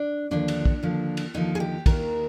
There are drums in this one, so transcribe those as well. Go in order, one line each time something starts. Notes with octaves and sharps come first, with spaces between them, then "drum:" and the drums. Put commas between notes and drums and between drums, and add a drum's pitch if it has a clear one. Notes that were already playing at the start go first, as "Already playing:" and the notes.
Already playing: D4
D#2 D3 F3 D4
drum: cymbal
drum: kick
D#2 D3 F3
drum: cymbal
D#2 D3 F3 D#4
G#4
G4
D#2 D#3 A#4, drum: kick, cymbal